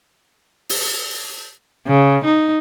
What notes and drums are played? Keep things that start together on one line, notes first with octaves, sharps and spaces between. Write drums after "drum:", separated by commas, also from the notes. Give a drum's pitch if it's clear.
drum: open hi-hat
C#3
D#4